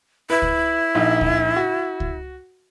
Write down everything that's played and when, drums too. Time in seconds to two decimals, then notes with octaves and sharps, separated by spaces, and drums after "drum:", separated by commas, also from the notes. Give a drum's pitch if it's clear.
0.30 E4 B4
0.42 drum: kick C#2
0.95 A#1 D#4
1.21 drum: kick C#2
1.56 F#4
2.00 drum: kick C#2